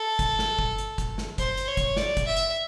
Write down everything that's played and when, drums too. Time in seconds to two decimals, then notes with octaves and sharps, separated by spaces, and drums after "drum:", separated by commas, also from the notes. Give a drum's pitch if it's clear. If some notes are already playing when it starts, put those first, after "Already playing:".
Already playing: A4
0.19 drum: kick, hi-hat
0.39 drum: snare
0.59 drum: kick
0.78 drum: hi-hat
0.98 drum: kick, hi-hat
1.18 drum: snare
1.38 C5, drum: kick, hi-hat
1.57 drum: hi-hat
1.68 C#5
1.77 drum: kick, hi-hat
1.96 D5, drum: snare
2.17 drum: kick, hi-hat
2.27 E5
2.37 drum: hi-hat